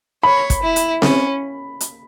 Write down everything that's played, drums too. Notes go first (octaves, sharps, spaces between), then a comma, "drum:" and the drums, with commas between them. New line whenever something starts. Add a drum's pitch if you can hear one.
C#5 B5
drum: kick, hi-hat
E4
drum: hi-hat
C#4, drum: snare C4
drum: hi-hat